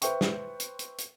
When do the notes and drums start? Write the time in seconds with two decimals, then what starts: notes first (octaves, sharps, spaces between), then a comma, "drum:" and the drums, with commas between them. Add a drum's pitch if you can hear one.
0.02 B4 C5 E5 G5 C#6, drum: hi-hat
0.21 drum: snare
0.60 drum: hi-hat
0.79 drum: hi-hat
0.98 drum: hi-hat